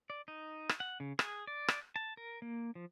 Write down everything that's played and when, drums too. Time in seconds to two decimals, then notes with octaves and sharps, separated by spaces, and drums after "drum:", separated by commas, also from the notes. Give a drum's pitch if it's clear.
0.10 D5
0.28 D#4
0.69 drum: rim click
0.80 F#5
1.00 C#3
1.19 G#4, drum: rim click
1.47 D5
1.68 drum: rim click
1.96 A5
2.17 A#4
2.42 A#3
2.75 F3